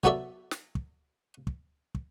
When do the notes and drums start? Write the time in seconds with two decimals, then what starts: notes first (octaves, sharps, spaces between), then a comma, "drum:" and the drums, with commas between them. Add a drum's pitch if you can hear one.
0.04 F#3 B3 F#4 A4 D5 E5, drum: kick
0.51 drum: snare
0.75 drum: kick
1.47 drum: kick
1.95 drum: kick